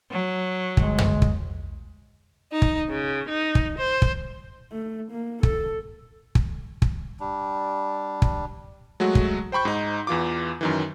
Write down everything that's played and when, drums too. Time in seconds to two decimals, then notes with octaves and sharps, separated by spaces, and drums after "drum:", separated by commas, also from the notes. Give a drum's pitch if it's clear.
0.11 F#3
0.77 G1 G#3, drum: kick
0.98 drum: tom
1.22 drum: kick
2.51 D#4
2.62 drum: kick
2.90 C#3
3.28 D#4
3.55 drum: kick
3.77 C5
4.02 drum: kick
4.72 A3
5.11 A#3
5.43 A4, drum: kick
6.35 drum: kick
6.82 drum: kick
7.20 G3 D4
8.22 drum: kick
9.00 F#3 G#3 A3 F#4
9.15 drum: kick
9.52 C5 G5 B5 C#6 G6
9.65 G#2 D#4
10.07 E2 E3 F4 D6
10.61 F#2 D#3 E3